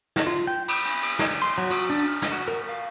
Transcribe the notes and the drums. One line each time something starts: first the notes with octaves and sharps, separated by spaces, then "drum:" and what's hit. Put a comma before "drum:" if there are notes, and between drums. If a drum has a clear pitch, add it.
drum: snare
F4
G5
B5, drum: cymbal
drum: cymbal
drum: cymbal
drum: snare
C6
F#3
F#4, drum: cymbal
D4
F6
drum: snare
F#4
A#4
F5